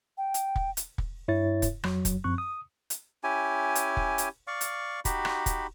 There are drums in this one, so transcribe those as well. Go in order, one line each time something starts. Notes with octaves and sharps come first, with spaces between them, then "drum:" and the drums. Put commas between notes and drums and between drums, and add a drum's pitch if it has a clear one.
G5
drum: hi-hat
drum: kick
drum: hi-hat
drum: kick
G2 E4 C#5 E5 A6
drum: kick, hi-hat
F2 F#3, drum: rim click
drum: kick, hi-hat
F#2 F3 C4 C#6 F#6
D#6
drum: hi-hat
C#4 E4 G4 G#5
drum: hi-hat
drum: kick
drum: hi-hat
D5 F5 C#6
drum: hi-hat
D#4 F#4 G4 B5, drum: kick, hi-hat
drum: rim click
drum: kick, hi-hat